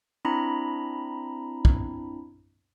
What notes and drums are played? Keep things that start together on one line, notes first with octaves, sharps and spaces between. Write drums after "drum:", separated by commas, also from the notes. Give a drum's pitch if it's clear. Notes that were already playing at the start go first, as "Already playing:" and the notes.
C4 D4 E4 A#5 B5
drum: kick